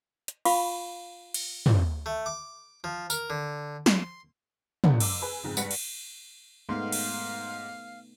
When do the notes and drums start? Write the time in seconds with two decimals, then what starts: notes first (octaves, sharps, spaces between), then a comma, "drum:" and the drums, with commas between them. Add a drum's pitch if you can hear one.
0.28 drum: hi-hat
0.45 F4 F5 B5 C#6, drum: cymbal
1.34 drum: cymbal
1.66 drum: tom
2.06 A3
2.26 D6
2.84 F3
3.10 A#4, drum: tambourine
3.30 D3
3.86 C6, drum: snare
4.84 E2 B3 D4 F#5, drum: tom
5.00 F#1 D6 E6, drum: cymbal
5.21 G#4 B4 G#5
5.43 F2 G#2 C#3
5.57 G2 B4 F#5 B6 C#7, drum: tambourine
5.71 drum: cymbal
6.69 G#2 A3 B3 D#4 F5 C6
6.92 drum: cymbal